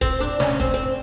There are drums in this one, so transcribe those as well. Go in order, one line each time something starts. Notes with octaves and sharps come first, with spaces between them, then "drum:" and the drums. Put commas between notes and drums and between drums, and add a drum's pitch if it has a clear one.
C4, drum: kick
D4
C#4, drum: snare
C4, drum: kick
C4